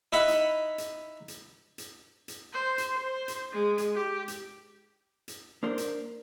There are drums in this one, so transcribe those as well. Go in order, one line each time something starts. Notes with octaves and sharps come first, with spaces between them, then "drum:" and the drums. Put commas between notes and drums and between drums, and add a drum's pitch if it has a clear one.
D#4 E4 E5 F#5 B5
drum: hi-hat
drum: hi-hat
drum: hi-hat
drum: hi-hat
drum: hi-hat
C5
drum: hi-hat
C5
drum: hi-hat
G#3
drum: hi-hat
G4
drum: hi-hat
drum: hi-hat
A#3 D4 A#4 C5
drum: hi-hat